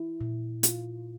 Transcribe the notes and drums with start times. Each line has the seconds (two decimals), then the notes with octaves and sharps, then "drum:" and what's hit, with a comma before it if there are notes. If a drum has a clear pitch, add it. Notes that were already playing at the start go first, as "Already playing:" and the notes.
Already playing: E4
0.21 A#2
0.63 F4, drum: hi-hat